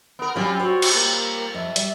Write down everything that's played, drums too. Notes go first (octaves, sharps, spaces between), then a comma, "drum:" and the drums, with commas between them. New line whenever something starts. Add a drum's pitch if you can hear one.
B3 A#4
F#3 G3 C4 C#4 F4
F#4 C5 C#5
drum: cymbal
A#3
F2 E5
G3, drum: hi-hat